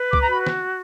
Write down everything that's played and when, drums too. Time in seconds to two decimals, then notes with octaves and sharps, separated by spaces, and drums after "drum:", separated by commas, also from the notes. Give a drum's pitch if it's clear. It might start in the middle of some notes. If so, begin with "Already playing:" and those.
Already playing: B4
0.13 D6, drum: kick C#2
0.23 A#5
0.26 F#4 B5
0.47 drum: snare